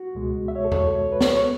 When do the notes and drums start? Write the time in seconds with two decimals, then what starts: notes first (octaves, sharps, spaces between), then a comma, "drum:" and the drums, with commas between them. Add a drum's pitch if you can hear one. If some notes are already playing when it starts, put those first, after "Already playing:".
Already playing: F#4
0.15 C#2 B2 G#3
0.48 E5
0.56 C#5
0.65 A4
0.72 C#5, drum: tom E2
1.12 B4
1.21 C#5, drum: snare
1.37 C#5